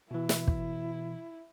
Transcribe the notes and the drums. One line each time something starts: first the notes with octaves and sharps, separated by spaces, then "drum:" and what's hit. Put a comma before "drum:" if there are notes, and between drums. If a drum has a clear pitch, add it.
B2 E3 E4
drum: snare
drum: kick